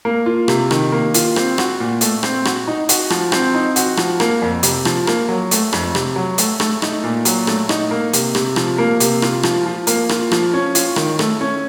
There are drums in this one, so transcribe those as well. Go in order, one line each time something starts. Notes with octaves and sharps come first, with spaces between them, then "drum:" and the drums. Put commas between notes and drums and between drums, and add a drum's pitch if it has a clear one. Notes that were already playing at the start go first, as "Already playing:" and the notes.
A#3
F4
C3, drum: rim click
D#3, drum: rim click
A#3
F4, drum: hi-hat
C4, drum: rim click
F#4, drum: rim click
A#2
A3, drum: hi-hat
C4, drum: rim click
F#4, drum: rim click
D#4
F#4, drum: hi-hat
F3, drum: rim click
C4, drum: rim click
D#4
F#4, drum: hi-hat
F3, drum: rim click
A#3, drum: rim click
F2
C3, drum: hi-hat
F3, drum: rim click
A#3, drum: rim click
F#3
A3, drum: hi-hat
F2, drum: rim click
C3, drum: rim click
F#3
A3, drum: hi-hat
A3, drum: rim click
D#4, drum: rim click
A#2
F#3, drum: hi-hat
A3, drum: rim click
D#4, drum: rim click
A#3
C3, drum: hi-hat
C3, drum: rim click
F3, drum: rim click
A#3
C3, drum: hi-hat
F4, drum: rim click
F3, drum: rim click
F3
A#3, drum: hi-hat
F4, drum: rim click
F3, drum: rim click
C#4
F4, drum: hi-hat
D#3, drum: rim click
A3, drum: rim click
C#4